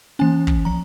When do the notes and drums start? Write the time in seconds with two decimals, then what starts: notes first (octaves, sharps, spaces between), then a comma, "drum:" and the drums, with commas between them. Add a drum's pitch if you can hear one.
0.19 E3 A#3 C#4 G#5
0.47 drum: kick
0.65 F3 A#5